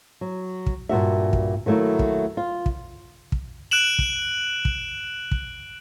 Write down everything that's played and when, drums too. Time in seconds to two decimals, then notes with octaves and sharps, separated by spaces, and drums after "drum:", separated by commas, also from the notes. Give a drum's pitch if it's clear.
0.21 F#3
0.66 drum: kick
0.89 G2 A#2 F#4 E5
1.33 drum: kick
1.66 D#3 F#3 A3 A#3 E4
1.99 drum: kick
2.37 F4
2.66 drum: kick
3.32 drum: kick
3.71 F#6 D7 E7 F#7
3.99 drum: kick
4.65 drum: kick
5.31 drum: kick